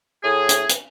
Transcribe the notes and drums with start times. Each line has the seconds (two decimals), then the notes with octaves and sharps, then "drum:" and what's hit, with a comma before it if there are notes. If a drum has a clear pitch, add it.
0.23 A2 G#4
0.49 drum: hi-hat
0.69 drum: hi-hat